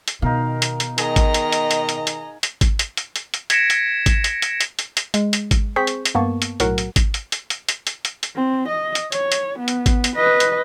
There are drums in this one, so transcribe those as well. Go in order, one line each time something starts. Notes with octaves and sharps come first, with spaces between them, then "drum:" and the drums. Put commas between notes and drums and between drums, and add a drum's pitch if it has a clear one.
drum: hi-hat
B2 D#3 D#4 A#4 F5
drum: hi-hat
drum: hi-hat
D#3 G#4 D#5 A#5, drum: hi-hat
drum: kick G#1, hi-hat
drum: hi-hat
drum: hi-hat
drum: hi-hat
drum: hi-hat
drum: hi-hat
drum: hi-hat
drum: kick G#1, hi-hat
drum: hi-hat
drum: hi-hat
drum: hi-hat
drum: hi-hat
G#6 A#6 B6 C#7 D7 E7, drum: hi-hat
drum: hi-hat
drum: kick G#1, hi-hat
drum: hi-hat
drum: hi-hat
drum: hi-hat
drum: hi-hat
drum: hi-hat
G#3, drum: hi-hat
drum: hi-hat
drum: kick G#1, hi-hat
C4 G#4 C5 C#6 G6 B6
drum: hi-hat
drum: hi-hat
G2 A#3 B3 A5 C#6
drum: hi-hat
B1 A2 F#3 F#4 A#4 F#5, drum: hi-hat
drum: hi-hat
drum: kick G#1, hi-hat
drum: hi-hat
drum: hi-hat
drum: hi-hat
drum: hi-hat
drum: hi-hat
drum: hi-hat
drum: hi-hat
C4
D#5
drum: hi-hat
C#5, drum: hi-hat
drum: hi-hat
B3
drum: hi-hat
drum: kick G#1, hi-hat
drum: hi-hat
B4 D#5
drum: hi-hat